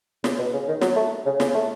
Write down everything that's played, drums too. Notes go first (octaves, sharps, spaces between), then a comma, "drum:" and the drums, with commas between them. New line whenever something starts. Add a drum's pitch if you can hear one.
C#3, drum: snare
B2
C#3
D#3
F#3, drum: snare
A3
C#3
C#3, drum: snare
A3